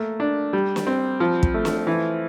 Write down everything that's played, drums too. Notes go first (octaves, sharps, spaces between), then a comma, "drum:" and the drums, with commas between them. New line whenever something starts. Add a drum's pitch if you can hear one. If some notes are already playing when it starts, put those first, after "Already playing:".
Already playing: A3 A#3
D4
G3
drum: snare
C4
F3
drum: kick
A3
drum: snare
E3